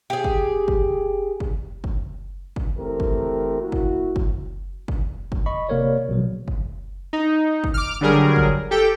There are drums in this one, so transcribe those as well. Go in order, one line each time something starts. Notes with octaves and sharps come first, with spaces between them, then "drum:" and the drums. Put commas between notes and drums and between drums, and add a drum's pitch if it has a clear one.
G4 G#4
drum: kick
drum: kick
drum: kick
drum: kick
drum: kick
E3 A3 C4 G4 A#4
drum: kick
A#3 E4 F#4
drum: kick
drum: kick
drum: kick
drum: kick
D#5 B5 C#6
C3 A#3 A#4 C#5 D5
A#1 B2 F#3
drum: kick
D#4
drum: kick
D6 F6
D3 F#3 G3 G#4 A#4
drum: kick
G4 A4 G5